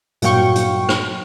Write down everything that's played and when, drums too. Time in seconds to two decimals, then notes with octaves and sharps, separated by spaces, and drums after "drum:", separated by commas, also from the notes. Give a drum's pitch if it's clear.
0.22 G2 A#2 F#3 F5 G5 C#6, drum: hi-hat
0.55 drum: hi-hat
0.89 drum: rim click